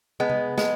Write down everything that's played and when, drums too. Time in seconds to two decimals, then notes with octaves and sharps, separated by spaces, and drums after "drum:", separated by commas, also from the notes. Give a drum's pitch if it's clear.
0.20 G#3 B3
0.30 drum: tom C3
0.58 G#3, drum: snare